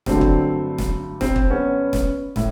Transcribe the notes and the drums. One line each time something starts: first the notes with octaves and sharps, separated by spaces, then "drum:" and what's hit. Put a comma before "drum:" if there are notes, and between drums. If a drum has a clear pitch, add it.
G2 D3 F#3 A3 C4, drum: snare
drum: kick
drum: snare
C4, drum: snare
drum: kick
B3 C#4
drum: snare
A2, drum: snare